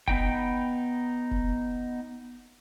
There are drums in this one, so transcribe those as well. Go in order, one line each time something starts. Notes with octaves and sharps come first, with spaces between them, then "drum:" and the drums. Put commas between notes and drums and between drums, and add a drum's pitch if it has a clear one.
B3 D#4 G5, drum: kick
drum: kick